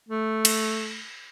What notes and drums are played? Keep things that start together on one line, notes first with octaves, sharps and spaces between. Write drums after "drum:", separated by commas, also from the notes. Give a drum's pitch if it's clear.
A3
drum: cymbal